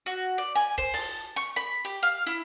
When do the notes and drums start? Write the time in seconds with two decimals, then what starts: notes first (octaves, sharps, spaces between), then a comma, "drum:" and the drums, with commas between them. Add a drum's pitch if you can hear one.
0.06 F#4
0.38 D5
0.55 G#5
0.78 C5, drum: kick
0.94 A5, drum: open hi-hat
1.36 C#6
1.56 B5
1.85 G4
2.03 F5
2.27 E4